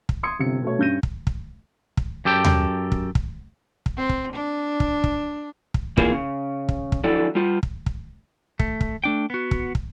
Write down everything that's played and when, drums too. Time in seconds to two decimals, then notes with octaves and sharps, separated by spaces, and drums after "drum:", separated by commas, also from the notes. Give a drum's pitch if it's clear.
0.09 drum: kick
0.23 C6 D#6 G#6 C#7
0.39 G1 C3 C#7
0.62 B2 A3 C#5
0.79 G2 C#4 G6 A#6 D#7
1.03 drum: kick
1.27 drum: kick
1.97 drum: kick
2.25 F#2 G4 A4 G5
2.44 drum: tom D#2
2.92 drum: kick
3.15 drum: kick
3.86 drum: kick
3.97 C4
4.09 drum: kick
4.33 D4
4.80 drum: kick
5.04 drum: kick
5.74 drum: kick
5.97 F2 E3 A#3 F4 G#4, drum: kick
6.12 C#3
6.69 drum: kick
6.92 drum: kick
7.04 D3 F3 F#3 E4 A4 D5
7.35 G3 F4
7.63 drum: kick
7.86 drum: kick
8.59 A3, drum: kick
8.81 drum: kick
9.04 A3 D4 G5
9.30 B3 F#4
9.51 drum: kick
9.75 drum: kick